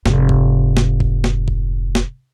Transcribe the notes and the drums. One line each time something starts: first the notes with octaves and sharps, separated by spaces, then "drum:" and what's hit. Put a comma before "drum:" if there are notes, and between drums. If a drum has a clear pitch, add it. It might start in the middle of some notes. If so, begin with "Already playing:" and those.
F1 G#2, drum: snare
drum: kick
drum: snare
drum: kick
drum: snare
drum: kick
drum: snare